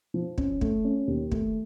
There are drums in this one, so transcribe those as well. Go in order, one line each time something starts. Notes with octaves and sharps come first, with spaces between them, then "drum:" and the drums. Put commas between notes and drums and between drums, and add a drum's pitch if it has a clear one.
F3
C#4, drum: kick
A3, drum: kick
C#4
D#2
A3, drum: kick